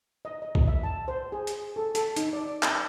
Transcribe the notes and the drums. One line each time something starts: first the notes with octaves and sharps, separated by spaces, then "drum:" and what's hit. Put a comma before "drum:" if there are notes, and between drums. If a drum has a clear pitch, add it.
D#5
D#5
drum: kick B1
E5
A5
C5
G#4
drum: hi-hat
A4
A4, drum: hi-hat
D#4, drum: hi-hat
D5
drum: clap